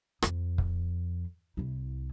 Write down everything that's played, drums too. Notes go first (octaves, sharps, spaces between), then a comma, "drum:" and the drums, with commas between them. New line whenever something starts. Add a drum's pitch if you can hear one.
F2, drum: rim click
drum: kick
C2 E4